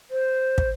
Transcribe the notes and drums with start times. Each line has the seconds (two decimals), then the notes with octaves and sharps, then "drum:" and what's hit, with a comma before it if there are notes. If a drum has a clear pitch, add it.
0.11 C5
0.58 drum: kick